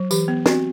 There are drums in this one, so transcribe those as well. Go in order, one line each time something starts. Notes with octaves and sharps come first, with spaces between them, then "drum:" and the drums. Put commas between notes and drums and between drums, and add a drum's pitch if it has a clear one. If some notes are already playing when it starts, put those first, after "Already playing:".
Already playing: F#3
E3 G4, drum: tambourine
B3
C4 F#4, drum: snare